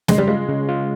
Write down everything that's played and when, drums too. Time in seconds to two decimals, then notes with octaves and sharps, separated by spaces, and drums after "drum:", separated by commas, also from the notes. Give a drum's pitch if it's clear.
0.08 C#3 G#3, drum: snare
0.18 G3
0.27 G#3 F4
0.48 C#3
0.69 F4